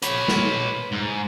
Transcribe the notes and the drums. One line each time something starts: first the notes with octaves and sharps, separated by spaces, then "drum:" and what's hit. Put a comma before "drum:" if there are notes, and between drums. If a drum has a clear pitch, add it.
B4 C#5, drum: hi-hat
drum: snare
G#2